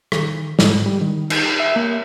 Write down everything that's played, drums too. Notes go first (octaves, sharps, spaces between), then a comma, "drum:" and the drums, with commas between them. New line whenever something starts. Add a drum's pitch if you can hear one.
D#3, drum: rim click
G#2, drum: snare
G3
D#3
D#4, drum: cymbal
E5
A#3